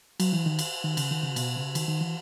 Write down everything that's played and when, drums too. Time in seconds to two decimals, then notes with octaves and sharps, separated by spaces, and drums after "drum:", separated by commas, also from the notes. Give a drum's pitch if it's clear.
0.20 F#3, drum: cymbal
0.33 E3
0.46 D#3
0.59 drum: cymbal
0.84 D#3
0.97 C#3, drum: cymbal
1.11 D#3
1.23 C#3
1.36 B2, drum: cymbal
1.56 C#3
1.75 D#3, drum: cymbal
1.88 D#3
2.01 E3